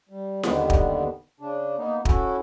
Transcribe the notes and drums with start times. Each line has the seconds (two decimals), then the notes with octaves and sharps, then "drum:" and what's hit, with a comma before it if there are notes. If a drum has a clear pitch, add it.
0.09 G3
0.43 D#2 D3 D#3 G3 B3, drum: snare E4
0.70 drum: kick
1.40 C#3 D4
1.78 A#3 B3 D#4
2.05 C#4 E4 F#4 A4, drum: kick